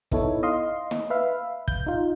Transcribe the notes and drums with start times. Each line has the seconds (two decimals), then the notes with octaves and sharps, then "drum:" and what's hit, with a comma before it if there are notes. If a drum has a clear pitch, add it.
0.12 B3 D#4 E4 A4 C#5, drum: kick
0.43 D#5 F5 C6
0.91 drum: snare
1.10 B4 E5 F5
1.68 G6, drum: kick
1.86 D#4 F4